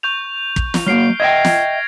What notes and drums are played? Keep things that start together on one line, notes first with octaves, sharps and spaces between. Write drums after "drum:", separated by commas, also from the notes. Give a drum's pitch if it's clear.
C#6 G6 F7
drum: kick
drum: snare
F#3 A#3 F6 C7 D7
D#5 E5 G5 G#6 A#6
drum: snare